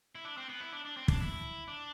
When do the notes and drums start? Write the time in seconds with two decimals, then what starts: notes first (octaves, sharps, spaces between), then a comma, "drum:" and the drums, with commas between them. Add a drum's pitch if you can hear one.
0.15 E4
0.25 D4
0.37 C4
0.49 B3
0.61 E4
0.73 D4
0.85 D4
0.97 C4
1.08 D4, drum: kick
1.20 E4
1.68 D4